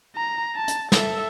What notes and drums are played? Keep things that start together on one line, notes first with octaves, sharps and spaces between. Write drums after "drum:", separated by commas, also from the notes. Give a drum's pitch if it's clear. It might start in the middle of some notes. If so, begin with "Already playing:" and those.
A#5
A5
drum: hi-hat
A4 E5, drum: snare